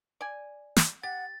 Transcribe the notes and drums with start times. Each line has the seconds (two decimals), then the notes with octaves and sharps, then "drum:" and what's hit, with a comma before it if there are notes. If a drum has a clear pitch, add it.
0.21 D5 G#5
0.76 drum: snare
1.03 G4 F#5 A6